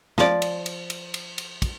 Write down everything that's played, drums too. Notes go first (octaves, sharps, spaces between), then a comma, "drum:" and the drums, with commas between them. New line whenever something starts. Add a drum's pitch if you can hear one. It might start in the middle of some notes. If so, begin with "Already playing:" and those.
F3 D5, drum: snare
drum: cymbal
drum: cymbal
drum: cymbal
drum: cymbal
drum: cymbal
drum: kick, cymbal